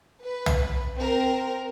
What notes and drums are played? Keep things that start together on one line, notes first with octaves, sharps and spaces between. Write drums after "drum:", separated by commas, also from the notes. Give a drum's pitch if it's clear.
B4
drum: tom
C4 A#4